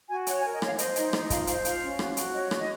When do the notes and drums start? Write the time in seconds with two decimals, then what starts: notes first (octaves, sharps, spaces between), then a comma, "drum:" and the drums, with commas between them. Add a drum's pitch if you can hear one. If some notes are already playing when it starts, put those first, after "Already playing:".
0.10 F#4 G#5
0.27 C#5 F#5, drum: hi-hat
0.40 G#5
0.45 A#4
0.52 D#5
0.62 C#5 F5, drum: rim click
0.78 C5 D#5, drum: hi-hat
0.96 D#4 D#5, drum: hi-hat
1.13 D#4 D#5, drum: rim click
1.30 F4 F5, drum: kick, hi-hat
1.47 C5 F5, drum: hi-hat
1.65 F4 F5, drum: hi-hat
1.82 C#4
1.99 F#4, drum: rim click
2.17 F#4, drum: hi-hat
2.33 C#5 D#5
2.51 F#4, drum: rim click
2.60 D#5